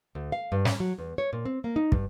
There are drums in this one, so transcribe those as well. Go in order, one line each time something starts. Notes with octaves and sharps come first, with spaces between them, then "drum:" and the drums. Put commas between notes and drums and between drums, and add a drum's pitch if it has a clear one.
D2
F5
G2
C#4, drum: snare
F#3
E2
C#5
A#2
C4
A#3
D#4
G2, drum: kick